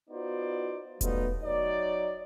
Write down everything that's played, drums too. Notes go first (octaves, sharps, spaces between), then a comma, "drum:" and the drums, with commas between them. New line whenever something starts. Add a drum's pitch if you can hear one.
B3 D#4 F4 F#4 C5 D5
F#3 G3 A3 B3 D#4 F4, drum: kick E1, hi-hat
F#3 D#4 C#5 D5